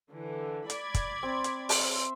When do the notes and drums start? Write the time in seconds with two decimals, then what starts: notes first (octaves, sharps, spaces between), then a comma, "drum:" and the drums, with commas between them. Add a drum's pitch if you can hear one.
0.10 D3 E3
0.70 D5 B5 G#6, drum: hi-hat
0.94 drum: kick, hi-hat
1.23 C4
1.44 drum: hi-hat
1.69 drum: open hi-hat
1.79 C5 E5